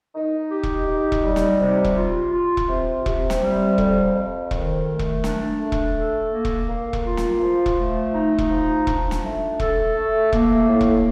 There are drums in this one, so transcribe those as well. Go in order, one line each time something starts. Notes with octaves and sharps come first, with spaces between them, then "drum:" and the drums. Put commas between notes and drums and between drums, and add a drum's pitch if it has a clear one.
D#4
G4
drum: kick E1
D#4
drum: kick E1
G3
drum: snare
C3
drum: kick E1
F4
F4
drum: kick E1
C3
C3, drum: kick E1
drum: snare
G3
F2, drum: kick E1
F2
D#3, drum: kick E1
A3
drum: kick E1
D4, drum: snare
A3
drum: kick E1
A4
A#3
drum: kick E1
A#3
drum: kick E1
F4
drum: snare
F3
drum: kick E1
A3
D#4
drum: kick E1
F3
D4, drum: kick E1
drum: snare
A3
A4, drum: kick E1
A3
A#3, drum: kick E1
A2
drum: kick E1